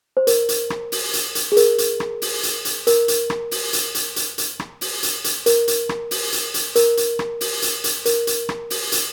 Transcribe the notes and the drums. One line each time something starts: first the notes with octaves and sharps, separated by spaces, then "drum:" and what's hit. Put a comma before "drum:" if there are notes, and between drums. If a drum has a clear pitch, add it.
C5
A#4, drum: hi-hat
drum: hi-hat
drum: rim click
drum: open hi-hat
drum: hi-hat
drum: hi-hat
G#4
A#4, drum: hi-hat
drum: hi-hat
drum: rim click
drum: open hi-hat
drum: hi-hat
drum: hi-hat
A#4, drum: hi-hat
drum: hi-hat
drum: rim click
drum: open hi-hat
drum: hi-hat
drum: hi-hat
drum: hi-hat
drum: hi-hat
drum: rim click
drum: open hi-hat
drum: hi-hat
drum: hi-hat
A#4, drum: hi-hat
drum: hi-hat
drum: rim click
drum: open hi-hat
drum: hi-hat
drum: hi-hat
A#4, drum: hi-hat
drum: hi-hat
drum: rim click
drum: open hi-hat
drum: hi-hat
drum: hi-hat
A#4, drum: hi-hat
drum: hi-hat
drum: rim click
drum: open hi-hat
drum: hi-hat